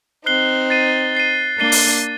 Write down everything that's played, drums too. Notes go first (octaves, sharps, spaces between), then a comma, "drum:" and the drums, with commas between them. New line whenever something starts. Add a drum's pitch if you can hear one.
C4 D#4 F#6 C7 G7
A6 C7 D#7
A6 C7 D#7
A#3 D4 A6 C7 D#7 G7
drum: open hi-hat